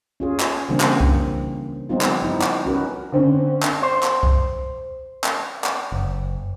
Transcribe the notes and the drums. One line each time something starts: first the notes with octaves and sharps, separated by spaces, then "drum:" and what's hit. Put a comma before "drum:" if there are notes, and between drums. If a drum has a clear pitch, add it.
C#4 F4 G#4
drum: clap
C#3 E3 G3 A#3 C4 D4
drum: clap
drum: kick C2
F3 G3 B3 C4 D#4 F4
drum: clap
B3 D#4 E4
drum: clap
C#4 F#4 A#4 B4
D3 C4 C#4
drum: clap
C5
drum: clap
drum: kick C2
drum: clap
drum: clap
F#1